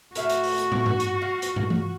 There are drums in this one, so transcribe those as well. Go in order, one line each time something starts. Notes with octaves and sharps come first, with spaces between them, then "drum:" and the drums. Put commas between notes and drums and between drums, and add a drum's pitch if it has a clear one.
A2 F#4 E5 F5, drum: hi-hat
drum: hi-hat
drum: open hi-hat
drum: hi-hat
drum: tom
drum: tom
drum: hi-hat
F4 F5
drum: hi-hat
drum: tom
drum: tom E3